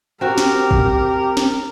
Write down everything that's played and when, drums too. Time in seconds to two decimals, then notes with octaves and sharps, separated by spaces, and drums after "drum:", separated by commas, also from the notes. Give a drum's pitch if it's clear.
0.21 C4 F#4 G4 A#4
0.38 drum: snare
0.71 drum: kick
1.37 drum: snare